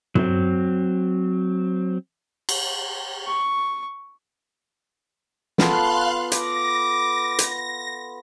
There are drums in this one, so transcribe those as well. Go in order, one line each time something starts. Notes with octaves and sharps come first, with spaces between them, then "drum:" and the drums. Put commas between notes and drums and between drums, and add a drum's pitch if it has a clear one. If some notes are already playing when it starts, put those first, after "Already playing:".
F#3 C4, drum: tom
drum: cymbal
C#6
B3 F4 A4 F5 C6 F#6, drum: snare
F5 B5 D6 A#6, drum: hi-hat
drum: hi-hat